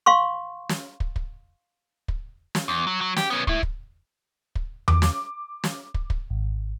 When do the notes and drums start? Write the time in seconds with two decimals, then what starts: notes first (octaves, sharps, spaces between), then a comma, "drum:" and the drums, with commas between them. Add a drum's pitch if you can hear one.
0.06 F5 C6 C#6
0.69 drum: snare
1.00 drum: kick
1.16 drum: kick
2.08 drum: kick
2.55 drum: snare
2.68 E2
2.87 F#3
3.01 F#3
3.16 G4, drum: snare
3.30 B3 C#4
3.47 A2 E4, drum: kick
3.63 drum: kick
4.55 drum: kick
4.88 D6, drum: tom E2
5.02 drum: snare
5.64 drum: snare
5.94 drum: kick
6.10 drum: kick
6.30 G#1